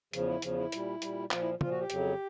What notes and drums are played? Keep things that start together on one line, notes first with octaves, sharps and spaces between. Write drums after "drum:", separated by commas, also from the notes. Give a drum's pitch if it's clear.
E2 C#3 F3, drum: hi-hat
E4
E2 C#3 F3, drum: hi-hat
E4
A#2 G3, drum: hi-hat
A#2 G3, drum: hi-hat
A#2 F3 F4, drum: clap
E4
A#2 F3 F4, drum: tom
F#4
G4
F2 C#3 F#3, drum: hi-hat